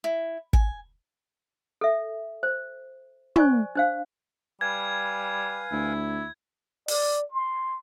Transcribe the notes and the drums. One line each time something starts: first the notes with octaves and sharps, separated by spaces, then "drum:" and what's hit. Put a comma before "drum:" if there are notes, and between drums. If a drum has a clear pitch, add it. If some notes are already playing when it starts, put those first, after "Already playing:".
E4
G#5, drum: kick
A4 E5
C5
C5 D5 G#5 C#6, drum: tom
D4 C5 F5
G3 B4 F5 G#5 G#6
D2 E4
D5, drum: open hi-hat
C6